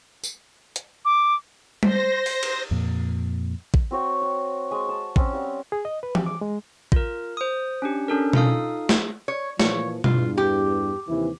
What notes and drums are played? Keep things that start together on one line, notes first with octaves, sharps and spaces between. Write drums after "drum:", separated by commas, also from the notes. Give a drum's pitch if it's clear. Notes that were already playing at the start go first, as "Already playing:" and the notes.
drum: tambourine
drum: hi-hat
D6
C5 A#6, drum: tom G3
drum: open hi-hat
drum: cymbal
F2 A#2
drum: kick A1
C4 F#4 C#5 G5
F#5
G#3 C#6 D#6
A5
C4 C#4, drum: kick A1
G3 F5 F#5
G#4
D#5
B4
G4, drum: tom E3
D6
G#3
F4 A#4, drum: kick A1
C5 D#6
C#4 D4 G4
C#4 D4 A4 A#4
D#4 F4 A4 F5 D#6, drum: tom B2
drum: snare
C#5
A#2 E3 F3 C#5, drum: snare
E2 G2 F4, drum: tom B2
G4
D#2 C3 E3